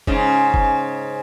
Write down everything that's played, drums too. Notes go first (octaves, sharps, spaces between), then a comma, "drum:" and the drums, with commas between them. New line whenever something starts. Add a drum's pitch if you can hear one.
G#2 C#3, drum: kick
drum: kick